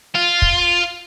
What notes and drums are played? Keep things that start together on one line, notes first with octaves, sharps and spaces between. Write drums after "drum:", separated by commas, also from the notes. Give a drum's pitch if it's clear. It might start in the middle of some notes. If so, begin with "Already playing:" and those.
F4
drum: kick